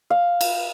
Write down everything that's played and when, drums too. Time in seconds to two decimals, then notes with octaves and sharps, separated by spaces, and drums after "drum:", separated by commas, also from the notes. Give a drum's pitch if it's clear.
0.10 F5
0.41 drum: cymbal